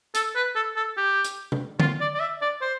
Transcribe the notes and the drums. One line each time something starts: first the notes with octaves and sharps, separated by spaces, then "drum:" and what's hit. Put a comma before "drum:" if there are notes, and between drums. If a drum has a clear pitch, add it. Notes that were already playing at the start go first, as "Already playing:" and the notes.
A4, drum: hi-hat
B4
A4
A4
G4
drum: hi-hat
drum: tom C3
F4, drum: tom D3
D5
D5
E5
D5
C5